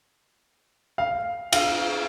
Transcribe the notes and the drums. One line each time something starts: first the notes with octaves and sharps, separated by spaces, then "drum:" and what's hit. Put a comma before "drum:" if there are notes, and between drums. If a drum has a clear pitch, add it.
F5
F5, drum: cymbal